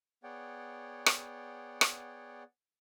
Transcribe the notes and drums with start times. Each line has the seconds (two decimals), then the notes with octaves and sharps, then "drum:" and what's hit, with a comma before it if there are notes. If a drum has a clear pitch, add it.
0.24 B3 G#4 C#5 D5 F#5 G5
1.06 drum: rim click
1.81 drum: rim click